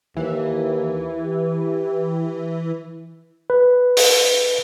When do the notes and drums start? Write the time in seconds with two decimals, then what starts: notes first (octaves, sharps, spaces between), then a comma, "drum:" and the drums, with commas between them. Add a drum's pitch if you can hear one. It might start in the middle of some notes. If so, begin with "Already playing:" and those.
0.17 D#2 E3
1.22 G4
3.50 B4
3.97 drum: open hi-hat